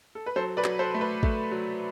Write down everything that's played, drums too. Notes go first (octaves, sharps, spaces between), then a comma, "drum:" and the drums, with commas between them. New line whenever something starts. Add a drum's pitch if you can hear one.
A4
B4
F#3 A4 C5
B4 D5
F#3, drum: clap
A4 C5
A3
B4
A3, drum: kick
F#3